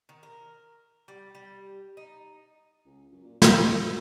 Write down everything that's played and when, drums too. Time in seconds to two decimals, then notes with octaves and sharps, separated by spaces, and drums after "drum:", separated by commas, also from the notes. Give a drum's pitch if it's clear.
0.09 D#3
0.23 A#4
1.08 G3
1.35 G3
1.97 D#4
2.85 C#2
3.12 F#2
3.24 A#2
3.42 C3, drum: snare
3.79 B1